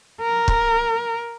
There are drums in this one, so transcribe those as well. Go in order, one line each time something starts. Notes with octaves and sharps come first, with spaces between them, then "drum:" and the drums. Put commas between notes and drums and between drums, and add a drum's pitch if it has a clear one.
A#4
drum: kick